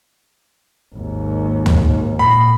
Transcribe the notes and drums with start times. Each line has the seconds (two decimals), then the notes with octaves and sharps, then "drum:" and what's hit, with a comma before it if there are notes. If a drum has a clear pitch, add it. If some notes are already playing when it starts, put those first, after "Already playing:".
0.95 G#1 D#2
1.66 drum: tom
2.19 A#2 B5